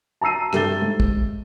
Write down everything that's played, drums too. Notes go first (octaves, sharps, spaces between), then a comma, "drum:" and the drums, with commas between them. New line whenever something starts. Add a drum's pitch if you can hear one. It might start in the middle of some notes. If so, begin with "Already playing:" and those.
A5 A#5 E6 C7 D#7
G2 G4 A4 E5 A6 G7, drum: rim click
G#2
drum: kick